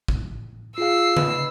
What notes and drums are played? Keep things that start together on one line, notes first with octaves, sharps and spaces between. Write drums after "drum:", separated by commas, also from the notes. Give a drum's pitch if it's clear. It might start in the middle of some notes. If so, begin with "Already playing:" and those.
drum: kick
F4 G#4 F5 E6 C7
B4 D#5 B5, drum: tom C#3